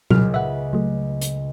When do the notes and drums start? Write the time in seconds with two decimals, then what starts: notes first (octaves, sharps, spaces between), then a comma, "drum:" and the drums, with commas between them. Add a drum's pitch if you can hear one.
0.10 C#2 A#2 C#3 F#3 F6, drum: tom B2
0.34 B4 E5 F#5
0.73 F#3 A3
1.21 drum: hi-hat